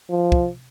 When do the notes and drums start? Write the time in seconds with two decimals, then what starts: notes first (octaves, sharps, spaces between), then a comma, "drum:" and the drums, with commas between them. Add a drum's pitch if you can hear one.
0.11 F3
0.32 drum: kick